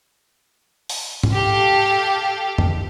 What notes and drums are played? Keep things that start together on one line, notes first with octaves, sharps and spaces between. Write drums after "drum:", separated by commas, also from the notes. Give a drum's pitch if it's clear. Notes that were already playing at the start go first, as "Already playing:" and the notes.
drum: open hi-hat
drum: tom
G4 A4 F5
drum: tom F2